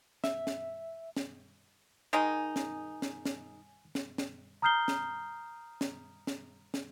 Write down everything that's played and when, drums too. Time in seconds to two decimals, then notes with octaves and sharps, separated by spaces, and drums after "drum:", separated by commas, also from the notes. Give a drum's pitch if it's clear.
0.24 E5, drum: snare
0.47 drum: snare
1.17 drum: snare
2.13 D#3 G#3 D#4 G#5
2.56 drum: snare
3.02 drum: snare
3.25 drum: snare
3.95 drum: snare
4.18 drum: snare
4.62 A#5 D#6 F6 G6 C7 G7
4.88 drum: snare
5.81 drum: snare
6.27 drum: snare
6.74 drum: snare